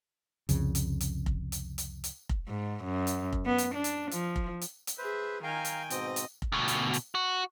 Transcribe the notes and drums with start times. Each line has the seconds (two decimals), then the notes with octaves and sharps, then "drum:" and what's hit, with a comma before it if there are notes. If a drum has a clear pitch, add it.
0.49 C2 F2 C#3, drum: hi-hat
0.75 drum: hi-hat
1.01 drum: hi-hat
1.26 drum: kick F1
1.52 drum: hi-hat
1.78 drum: hi-hat
2.04 drum: hi-hat
2.29 drum: kick F1
2.48 G#2
2.84 F#2
3.07 drum: hi-hat
3.33 drum: kick F1
3.46 B3
3.58 drum: hi-hat
3.75 D4
3.84 drum: hi-hat
4.11 F3, drum: hi-hat
4.36 drum: kick F1
4.61 drum: hi-hat
4.87 drum: hi-hat
4.98 G#4 B4 C5 E5
5.44 D#3 F5 G5 G#5 A#5
5.65 drum: hi-hat
5.90 G#2 B2 C4 D#5, drum: hi-hat
6.16 drum: hi-hat
6.42 drum: kick F1
6.52 D2 B2
6.68 drum: hi-hat
6.94 drum: hi-hat
7.15 F#4